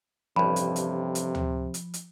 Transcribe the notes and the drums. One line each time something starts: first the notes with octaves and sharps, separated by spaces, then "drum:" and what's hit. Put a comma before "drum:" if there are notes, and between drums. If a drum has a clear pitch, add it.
A1 G2 C3 F3 B5
drum: hi-hat
drum: hi-hat
drum: hi-hat
drum: tom D2
drum: hi-hat
drum: hi-hat